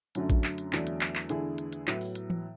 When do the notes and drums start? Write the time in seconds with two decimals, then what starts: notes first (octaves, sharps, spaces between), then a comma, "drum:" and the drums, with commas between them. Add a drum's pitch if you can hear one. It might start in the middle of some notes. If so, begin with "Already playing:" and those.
0.15 F#2 D3 F#3 A3 C#4, drum: hi-hat
0.30 drum: kick A1, hi-hat
0.44 drum: clap
0.58 drum: hi-hat
0.73 E2 D3 F#3 A3 D4, drum: clap
0.87 drum: hi-hat
1.01 drum: clap
1.15 drum: clap
1.29 E2 D3 A3 E4 G#4, drum: hi-hat
1.58 drum: hi-hat
1.73 drum: hi-hat
1.87 A2 F#3 B3 E4, drum: clap
2.01 drum: open hi-hat
2.15 drum: hi-hat
2.30 drum: tom E3